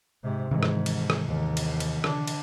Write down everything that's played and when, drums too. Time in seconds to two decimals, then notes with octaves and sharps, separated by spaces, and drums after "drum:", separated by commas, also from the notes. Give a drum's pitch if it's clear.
0.23 G#2 C3
0.51 G#2 C3 D#3 E3
0.63 drum: rim click
0.86 drum: cymbal
1.10 drum: rim click
1.26 D#2
1.57 drum: cymbal
1.80 drum: cymbal
2.04 D3 D4, drum: rim click
2.28 drum: cymbal